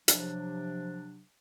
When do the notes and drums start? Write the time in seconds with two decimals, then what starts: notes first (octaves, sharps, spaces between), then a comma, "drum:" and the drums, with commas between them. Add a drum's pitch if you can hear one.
0.08 C3 F3 F#3 D4, drum: hi-hat